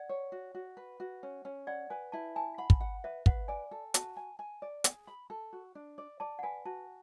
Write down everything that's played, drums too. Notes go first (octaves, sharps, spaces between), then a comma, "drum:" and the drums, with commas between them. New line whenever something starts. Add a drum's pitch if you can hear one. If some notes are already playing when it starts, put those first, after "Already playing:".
Already playing: D5 F#5
C#5
F#4
F#4
B4
F#4
C#4
C#4
D5 F#5
B4 G#5
E4 A5
G#5 A5
F#5 B5
drum: kick
F#5
B4 E5
B4 F#5, drum: kick
D5 G#5
A4
F#4 A5, drum: hi-hat
G#5
G#5
D5
G#4, drum: hi-hat
B5
A4
F#4
D4
D5
D5 A5
F#5
B4 G#5
F#4 A5